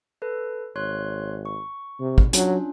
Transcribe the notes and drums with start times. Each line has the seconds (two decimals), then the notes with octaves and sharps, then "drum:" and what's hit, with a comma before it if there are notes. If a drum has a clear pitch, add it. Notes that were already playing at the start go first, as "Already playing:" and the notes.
0.22 A4 B4
0.76 G#1 C#5 C6 F#6
1.45 C#6
2.00 C3
2.18 drum: kick
2.33 F#3 C#4 D4 F4, drum: hi-hat